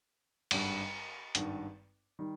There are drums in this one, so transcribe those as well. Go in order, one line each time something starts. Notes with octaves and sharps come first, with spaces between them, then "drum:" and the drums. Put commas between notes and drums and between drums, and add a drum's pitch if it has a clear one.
G#1 G2 G3, drum: cymbal
G#1 G2 D#3, drum: hi-hat
D#3 G3